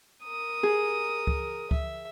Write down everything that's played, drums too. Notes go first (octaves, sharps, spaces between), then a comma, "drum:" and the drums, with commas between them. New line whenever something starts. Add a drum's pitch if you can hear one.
A#4 D#6
G#4
drum: kick C#2
E5, drum: kick C#2